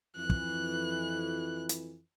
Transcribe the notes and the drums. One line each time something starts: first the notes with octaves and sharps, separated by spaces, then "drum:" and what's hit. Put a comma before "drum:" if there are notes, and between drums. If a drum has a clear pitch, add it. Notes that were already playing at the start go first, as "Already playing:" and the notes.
F2 E3 F#6
drum: kick
drum: hi-hat